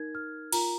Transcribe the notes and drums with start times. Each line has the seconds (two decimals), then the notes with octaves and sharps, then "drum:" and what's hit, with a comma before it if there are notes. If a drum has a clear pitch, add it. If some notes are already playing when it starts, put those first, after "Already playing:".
Already playing: D#4 A#4 G#6
0.15 F6
0.53 F4 A#4 A#5, drum: cymbal